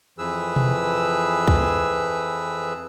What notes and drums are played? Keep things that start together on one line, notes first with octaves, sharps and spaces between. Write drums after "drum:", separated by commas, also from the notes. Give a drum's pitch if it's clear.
F2 E3 F3 G#4 B4 E6
drum: tom B2
drum: kick